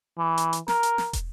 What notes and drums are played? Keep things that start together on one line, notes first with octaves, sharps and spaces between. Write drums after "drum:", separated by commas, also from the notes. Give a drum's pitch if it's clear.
E3
drum: hi-hat
drum: hi-hat
A#4, drum: snare
drum: hi-hat
drum: snare
drum: kick, hi-hat